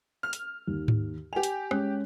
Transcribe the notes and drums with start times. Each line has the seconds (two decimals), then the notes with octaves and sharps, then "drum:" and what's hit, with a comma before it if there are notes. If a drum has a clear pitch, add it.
0.23 F6
0.33 drum: hi-hat
0.67 D#2
0.88 drum: tom G#2
1.33 G4 G#5 F7
1.43 drum: hi-hat
1.71 G#3 C#4 F#6, drum: rim click